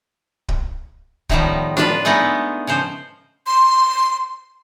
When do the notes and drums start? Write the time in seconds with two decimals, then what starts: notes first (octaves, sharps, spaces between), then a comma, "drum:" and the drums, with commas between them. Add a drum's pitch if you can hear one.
0.49 drum: kick
1.29 A2 D#3 F3 G3 B3, drum: kick
1.77 D4 F4 B4, drum: snare D4
2.05 G#3 A3 B3 D4 D#4
2.67 C#3 F3 C5
3.46 C6